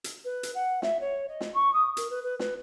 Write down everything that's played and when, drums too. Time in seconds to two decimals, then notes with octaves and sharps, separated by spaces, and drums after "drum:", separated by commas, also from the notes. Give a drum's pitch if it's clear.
0.04 drum: hi-hat
0.24 B4
0.43 drum: hi-hat
0.55 F#5
0.82 E5, drum: snare
1.00 C#5
1.28 D#5
1.41 drum: snare
1.54 C#6
1.73 D#6
1.97 A#4, drum: hi-hat
2.10 B4
2.23 B4
2.39 B4, drum: snare